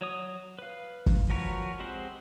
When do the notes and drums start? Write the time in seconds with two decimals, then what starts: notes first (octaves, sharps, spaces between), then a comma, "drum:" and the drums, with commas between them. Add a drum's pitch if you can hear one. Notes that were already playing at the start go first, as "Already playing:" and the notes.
0.01 F#3 C#5 D#6
0.59 B4 F5
1.06 drum: kick
1.30 F3 F#4 A#4 B4 C#5
1.80 G#3 C4 G4 C5 F#5